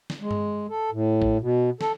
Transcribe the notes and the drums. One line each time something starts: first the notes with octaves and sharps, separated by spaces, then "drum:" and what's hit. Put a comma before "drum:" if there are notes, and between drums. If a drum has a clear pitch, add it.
drum: snare
G#3
drum: tom G2
A4
A2
drum: kick A1
B2
A4, drum: snare